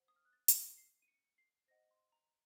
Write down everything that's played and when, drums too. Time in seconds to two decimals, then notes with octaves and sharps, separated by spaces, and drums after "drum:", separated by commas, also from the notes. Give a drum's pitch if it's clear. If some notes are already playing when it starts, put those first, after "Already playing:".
Already playing: C5 F#5
0.08 D#6
0.16 F6
0.25 F#6
0.33 A6
0.48 drum: hi-hat
0.77 C7
1.02 D#7
1.08 C#7
1.38 C7
1.68 C5 D#5 F#5 A#6
1.91 C6
2.12 A#5